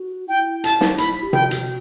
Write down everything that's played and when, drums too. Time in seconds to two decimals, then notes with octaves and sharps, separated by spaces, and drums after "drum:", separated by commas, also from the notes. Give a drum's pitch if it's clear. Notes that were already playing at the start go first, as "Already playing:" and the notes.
Already playing: F#4
0.28 E4 G5
0.64 A5, drum: hi-hat
0.81 drum: snare
0.98 B5, drum: hi-hat
1.23 G4
1.33 F#4 G5, drum: tom C3
1.51 drum: hi-hat